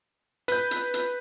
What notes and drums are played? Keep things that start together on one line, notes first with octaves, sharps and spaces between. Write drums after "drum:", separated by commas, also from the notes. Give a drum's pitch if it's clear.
B4 G6, drum: hi-hat
drum: hi-hat
drum: hi-hat